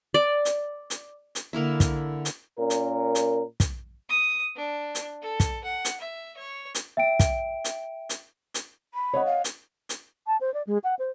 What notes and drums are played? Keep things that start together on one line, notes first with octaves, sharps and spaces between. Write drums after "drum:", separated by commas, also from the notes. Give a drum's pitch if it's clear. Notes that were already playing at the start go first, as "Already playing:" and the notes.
D5
drum: hi-hat
drum: hi-hat
drum: hi-hat
D3 A#3 E4 E5
drum: kick, hi-hat
drum: hi-hat
A#2 C#4 A#4
drum: hi-hat
drum: hi-hat
drum: kick, hi-hat
D#6
D4
drum: hi-hat
A4
drum: kick, hi-hat
F#5
drum: hi-hat
E5
C#5
drum: hi-hat
E5 G5 D7
drum: kick, hi-hat
drum: hi-hat
drum: hi-hat
drum: hi-hat
B5
C#5 D#5 F#5
F5
drum: hi-hat
drum: hi-hat
A5
C5
D5
G#3
F#5
C5